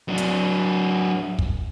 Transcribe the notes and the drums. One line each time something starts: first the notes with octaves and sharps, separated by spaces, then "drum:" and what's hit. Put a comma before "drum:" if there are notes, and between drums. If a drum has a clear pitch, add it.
F#3 D4
drum: hi-hat
drum: kick